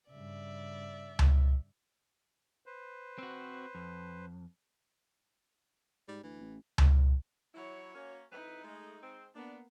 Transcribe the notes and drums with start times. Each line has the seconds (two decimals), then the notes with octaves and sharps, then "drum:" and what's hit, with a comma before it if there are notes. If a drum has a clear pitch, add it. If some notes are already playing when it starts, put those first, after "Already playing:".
0.10 G2 C#3 D5 E5
1.19 drum: tom C#2
2.66 B4 C5
3.18 C4 F#4
3.75 F2
6.08 G#2 G3
6.24 D2 E3
6.41 A1
6.78 drum: tom C#2
7.55 F#3 E4 F#4 C#5
7.94 A#3 C#4
8.32 F2 D#4 E4 B4
8.65 G#3 A3
9.02 G#3 C4
9.35 A#3 B3 D4